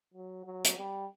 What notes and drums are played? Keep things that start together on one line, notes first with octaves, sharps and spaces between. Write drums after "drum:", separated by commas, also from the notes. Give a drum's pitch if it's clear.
F#3
F#3
drum: hi-hat
G3